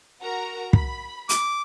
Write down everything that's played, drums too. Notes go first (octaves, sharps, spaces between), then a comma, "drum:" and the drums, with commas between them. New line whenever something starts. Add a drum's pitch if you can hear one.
F#4 A#4 A#5
B5, drum: kick
D6, drum: hi-hat